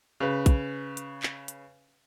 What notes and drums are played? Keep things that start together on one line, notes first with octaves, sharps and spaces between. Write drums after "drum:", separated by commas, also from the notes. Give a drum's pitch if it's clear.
C#3 B4
drum: kick, hi-hat
drum: hi-hat
drum: clap
drum: hi-hat